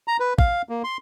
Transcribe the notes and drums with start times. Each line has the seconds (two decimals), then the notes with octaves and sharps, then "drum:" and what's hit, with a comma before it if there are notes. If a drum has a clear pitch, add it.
0.08 A#5
0.20 B4
0.38 F5, drum: kick
0.69 A#3
0.84 C6